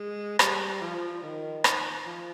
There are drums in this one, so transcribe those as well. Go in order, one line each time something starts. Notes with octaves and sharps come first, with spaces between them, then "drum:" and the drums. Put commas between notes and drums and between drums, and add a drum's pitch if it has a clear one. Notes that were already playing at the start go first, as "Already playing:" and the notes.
Already playing: G#3
G3, drum: rim click
F3
D#3
drum: rim click
F3